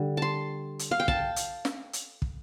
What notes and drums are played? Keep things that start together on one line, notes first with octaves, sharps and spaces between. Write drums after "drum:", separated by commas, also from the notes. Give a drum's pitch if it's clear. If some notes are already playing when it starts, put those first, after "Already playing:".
Already playing: D3 G3
A5 C6
drum: hi-hat
F5
G5
A5, drum: kick
drum: hi-hat
drum: snare
drum: hi-hat
drum: kick